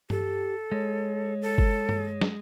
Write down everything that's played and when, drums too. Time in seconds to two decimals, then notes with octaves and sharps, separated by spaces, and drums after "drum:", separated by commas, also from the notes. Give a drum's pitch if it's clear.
0.10 G4 A4, drum: tom G2
0.72 G#3 C#5
1.42 A4
1.58 drum: kick G1
1.89 drum: tom G2
2.21 drum: snare